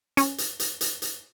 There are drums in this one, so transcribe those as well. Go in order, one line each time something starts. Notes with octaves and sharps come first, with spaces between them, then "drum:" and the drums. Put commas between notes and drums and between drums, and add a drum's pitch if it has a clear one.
C#4, drum: hi-hat
drum: hi-hat
drum: hi-hat
drum: hi-hat
drum: hi-hat